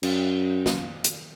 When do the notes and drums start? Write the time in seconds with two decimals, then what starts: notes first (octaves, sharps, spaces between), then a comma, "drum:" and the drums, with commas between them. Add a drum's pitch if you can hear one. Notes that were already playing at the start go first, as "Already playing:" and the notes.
0.03 F#2, drum: cymbal
0.66 drum: snare
1.04 drum: hi-hat